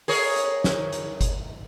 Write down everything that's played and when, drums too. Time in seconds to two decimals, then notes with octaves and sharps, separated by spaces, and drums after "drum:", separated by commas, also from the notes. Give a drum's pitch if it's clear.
0.08 G#4 A#4 C#5, drum: open hi-hat
0.36 drum: hi-hat
0.64 drum: snare
0.93 drum: hi-hat
1.21 drum: kick G1, hi-hat